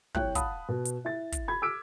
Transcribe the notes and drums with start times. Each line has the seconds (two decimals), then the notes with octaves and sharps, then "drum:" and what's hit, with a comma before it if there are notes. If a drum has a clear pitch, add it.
0.15 C2 C#5 G5 F#6, drum: kick
0.35 F5 F#5 A5 B5 D#6, drum: kick, hi-hat
0.69 B2
0.85 drum: hi-hat
1.05 E4 A6
1.32 drum: kick, hi-hat
1.48 B5 G#6
1.62 D6 E6 F6 B6 D7